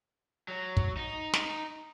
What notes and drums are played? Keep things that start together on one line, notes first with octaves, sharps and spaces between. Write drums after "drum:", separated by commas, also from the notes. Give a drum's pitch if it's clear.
F#3
drum: kick
D#4
drum: snare